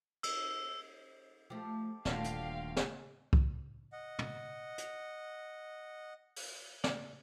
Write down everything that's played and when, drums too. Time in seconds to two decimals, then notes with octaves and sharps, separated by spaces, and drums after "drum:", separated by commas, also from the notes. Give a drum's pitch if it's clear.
0.23 E6, drum: cymbal
1.50 F3 A3 G4 A4
2.05 D#1 A#2 D3 A3 F4 F#4 F5 G5, drum: snare
2.24 drum: hi-hat
2.76 drum: snare
3.33 drum: kick C2
3.92 D#5 F#5
4.19 drum: tom
4.78 drum: hi-hat
6.36 drum: open hi-hat
6.84 D5, drum: snare